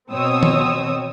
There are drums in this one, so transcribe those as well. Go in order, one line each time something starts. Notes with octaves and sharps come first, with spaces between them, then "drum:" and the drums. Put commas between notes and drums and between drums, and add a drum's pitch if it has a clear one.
B2 C4 C#5 D#6 E6
drum: tom D#3